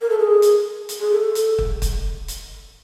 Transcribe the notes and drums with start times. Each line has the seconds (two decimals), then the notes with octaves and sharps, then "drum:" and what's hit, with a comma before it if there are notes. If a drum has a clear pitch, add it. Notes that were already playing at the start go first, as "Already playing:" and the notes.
0.01 A#4
0.10 A4
0.19 G#4
0.42 drum: hi-hat
0.89 drum: hi-hat
1.00 G#4
1.12 A4
1.35 drum: hi-hat
1.58 drum: kick
1.82 drum: kick, hi-hat
2.28 drum: hi-hat